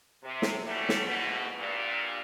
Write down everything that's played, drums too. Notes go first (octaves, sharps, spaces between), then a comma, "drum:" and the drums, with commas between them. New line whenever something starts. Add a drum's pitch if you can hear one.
C3
drum: snare
E3 F#3 G3 A3
drum: snare
E2 G#2 B2
G2 A#2